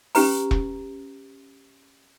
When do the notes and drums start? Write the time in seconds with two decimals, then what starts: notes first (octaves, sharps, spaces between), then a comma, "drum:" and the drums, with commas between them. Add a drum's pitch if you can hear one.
0.15 C#4 G4 B4 A#5, drum: open hi-hat
0.51 drum: kick E1